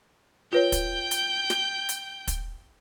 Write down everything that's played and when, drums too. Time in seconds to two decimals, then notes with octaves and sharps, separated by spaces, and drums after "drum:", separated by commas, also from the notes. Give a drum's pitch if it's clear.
0.53 F4 B4 C#5 G5 G6
0.72 drum: kick, hi-hat
1.11 drum: hi-hat
1.50 drum: snare
1.89 drum: hi-hat
2.27 drum: kick, hi-hat